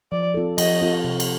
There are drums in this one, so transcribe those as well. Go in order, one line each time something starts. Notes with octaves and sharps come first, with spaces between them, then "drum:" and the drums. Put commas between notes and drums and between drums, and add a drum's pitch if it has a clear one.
F3 D5
C4 F4 A4
F3 D#5, drum: cymbal
C4 F4 A4
C3
drum: cymbal